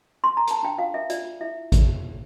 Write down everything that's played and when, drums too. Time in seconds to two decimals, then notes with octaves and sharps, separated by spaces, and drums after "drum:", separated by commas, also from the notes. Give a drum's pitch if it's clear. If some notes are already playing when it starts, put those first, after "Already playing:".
0.24 C6
0.37 A#5
0.47 A#4 A5, drum: hi-hat
0.63 D4 G5
0.78 F4 F5
0.94 A#4 E5
1.10 F4 D5, drum: hi-hat
1.25 F4
1.41 E4 E5
1.72 drum: kick G#1, hi-hat